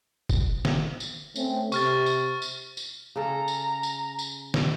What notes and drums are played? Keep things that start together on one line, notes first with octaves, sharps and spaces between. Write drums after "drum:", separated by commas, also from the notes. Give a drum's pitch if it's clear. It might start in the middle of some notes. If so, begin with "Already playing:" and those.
drum: kick F1, tambourine
drum: snare
drum: tambourine
A3 C4 C#4, drum: tambourine
C3 C#6 F6 A6, drum: tambourine
drum: tambourine
drum: tambourine
drum: tambourine
C#3 A4 A#5
drum: tambourine
drum: tambourine
drum: tambourine
drum: snare